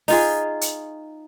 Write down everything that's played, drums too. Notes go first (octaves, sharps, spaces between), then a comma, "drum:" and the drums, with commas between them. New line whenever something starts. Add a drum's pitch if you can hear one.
D#4 F4 G#4, drum: open hi-hat
drum: hi-hat